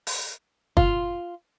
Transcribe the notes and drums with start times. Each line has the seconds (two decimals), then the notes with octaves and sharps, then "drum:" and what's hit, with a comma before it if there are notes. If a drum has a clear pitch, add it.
0.07 drum: open hi-hat
0.77 F4, drum: kick